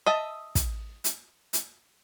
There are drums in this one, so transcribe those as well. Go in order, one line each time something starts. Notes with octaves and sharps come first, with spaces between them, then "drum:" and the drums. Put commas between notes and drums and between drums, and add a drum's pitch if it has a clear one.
D#5 E5 A5
drum: kick, hi-hat
drum: hi-hat
drum: hi-hat